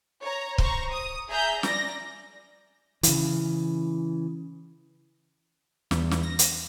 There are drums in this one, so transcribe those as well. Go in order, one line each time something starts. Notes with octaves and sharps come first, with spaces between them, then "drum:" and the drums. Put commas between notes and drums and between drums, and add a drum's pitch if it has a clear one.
C#5 A#5
C5 A#5 C#6, drum: kick
D#6
G#4 E5 A#5 G6
D5 A#6, drum: snare
C#3 E3, drum: hi-hat
E2, drum: snare
drum: snare
A#6
drum: hi-hat